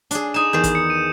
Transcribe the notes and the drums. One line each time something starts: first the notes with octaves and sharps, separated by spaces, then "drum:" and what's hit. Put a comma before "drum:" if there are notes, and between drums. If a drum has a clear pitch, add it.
D4 G#4, drum: hi-hat
D#4 G#5 D#6 E7
E2 D#3 G#4 G6
drum: kick G#1, hi-hat
C#7
D#7